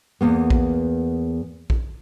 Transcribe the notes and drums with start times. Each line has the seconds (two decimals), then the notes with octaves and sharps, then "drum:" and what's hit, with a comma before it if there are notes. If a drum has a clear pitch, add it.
0.21 E2 A#3 B3
0.50 drum: kick A#1
1.70 drum: kick A#1